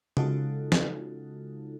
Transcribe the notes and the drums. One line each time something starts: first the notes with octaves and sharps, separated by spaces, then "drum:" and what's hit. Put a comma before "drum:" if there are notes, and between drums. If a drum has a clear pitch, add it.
C#3 G#3 D#4 F4 F#4 A4, drum: tom C3
drum: snare